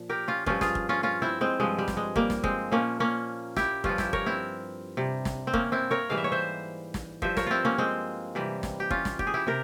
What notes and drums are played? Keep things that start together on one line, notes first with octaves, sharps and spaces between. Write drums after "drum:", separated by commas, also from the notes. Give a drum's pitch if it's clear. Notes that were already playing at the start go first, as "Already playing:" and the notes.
Already playing: A#2 F3
G4 A#4
C#4 F4
G2 F3 C#4 F4, drum: kick
F4 G#4, drum: snare
drum: kick
C#4 F4
C#4 F4
C4 E4
G#3 C4
G2 F3 G#3
G3
drum: snare
G#3
G3 A#3, drum: kick
drum: snare
G#3 C4, drum: kick
A#2 F3 A#3 C#4
A#3 C#4
E4 G4, drum: snare
G2 F3 C#4 F4, drum: kick
E4 G4, drum: snare
A#4 C#5, drum: kick
C4 E4
C3 G3
drum: snare
C4
A#3 C#4, drum: kick
C4 E4
A#4 C#5
G#2 E3 G3 F5
E5
C#5
C5 E5
drum: snare
G2 F3 C5 E5, drum: kick
A#4 C#5, drum: snare
C4 E4 F4
A#3 C#4
G#3 C4
C3 E3 G3
drum: snare
G4
C#4 F4, drum: kick
drum: snare
G4, drum: kick
G#4
E4 G4
C3 G4 A#4